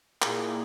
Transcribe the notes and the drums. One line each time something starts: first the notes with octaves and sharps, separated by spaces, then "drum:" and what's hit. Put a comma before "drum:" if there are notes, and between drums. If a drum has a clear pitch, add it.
A#2 A#3 E4 G#4, drum: clap